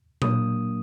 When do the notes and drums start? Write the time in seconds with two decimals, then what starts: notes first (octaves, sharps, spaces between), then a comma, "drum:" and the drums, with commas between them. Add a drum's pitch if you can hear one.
0.22 A#2 F#3 A#3 D4 D#6, drum: tom A#2